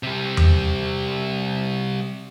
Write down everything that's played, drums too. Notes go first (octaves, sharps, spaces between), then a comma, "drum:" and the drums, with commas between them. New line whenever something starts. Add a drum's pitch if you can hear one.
C3 G3
drum: tom E2